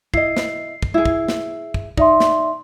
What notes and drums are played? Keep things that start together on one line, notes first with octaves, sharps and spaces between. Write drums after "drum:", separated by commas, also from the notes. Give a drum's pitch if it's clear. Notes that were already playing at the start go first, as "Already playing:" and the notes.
E4 D#5 C7, drum: kick
drum: snare
drum: kick
E4 G#4
drum: kick
drum: snare
drum: kick
D#4 D5 E5 C6, drum: kick
drum: snare